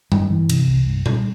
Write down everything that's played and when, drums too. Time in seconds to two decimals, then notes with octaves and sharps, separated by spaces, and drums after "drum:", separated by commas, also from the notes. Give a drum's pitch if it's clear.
0.12 G3, drum: tom G2
0.30 E3
0.49 C3, drum: cymbal
0.68 C2
0.86 G2
1.06 G3, drum: tom A#2